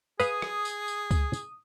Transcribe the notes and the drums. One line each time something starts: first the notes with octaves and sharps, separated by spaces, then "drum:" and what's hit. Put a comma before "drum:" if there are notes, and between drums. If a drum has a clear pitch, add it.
G#4 B4 F5 D#6, drum: tambourine
drum: rim click
drum: tambourine
drum: tambourine
drum: kick C#2, tambourine
drum: tambourine